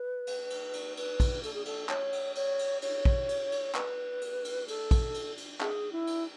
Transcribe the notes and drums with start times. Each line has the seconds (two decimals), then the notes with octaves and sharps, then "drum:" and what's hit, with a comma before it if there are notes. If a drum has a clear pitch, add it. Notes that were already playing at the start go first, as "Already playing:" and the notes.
Already playing: B4
0.27 drum: cymbal
0.50 drum: cymbal
0.73 drum: cymbal
0.97 B4, drum: cymbal
1.20 drum: kick, cymbal
1.43 A4, drum: cymbal
1.54 G#4
1.65 A4, drum: cymbal
1.89 C#5, drum: clap
2.13 drum: cymbal
2.35 C#5, drum: cymbal
2.59 drum: cymbal
2.82 C#5, drum: cymbal
3.05 drum: kick
3.29 drum: cymbal
3.52 drum: cymbal
3.75 B4, drum: clap
4.21 drum: cymbal
4.45 drum: cymbal
4.68 A4, drum: cymbal
4.91 drum: kick, cymbal
5.14 drum: cymbal
5.37 drum: cymbal
5.61 G#4, drum: clap
5.92 E4
6.07 drum: cymbal